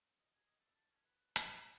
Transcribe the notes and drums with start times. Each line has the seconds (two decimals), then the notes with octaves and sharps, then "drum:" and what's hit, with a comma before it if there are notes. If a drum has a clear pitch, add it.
0.19 D#5
0.34 G#5
0.46 D#5
0.59 A4
0.75 A5
0.92 C#4
1.05 B4
1.18 B4
1.36 C5, drum: hi-hat
1.48 B4
1.62 D#4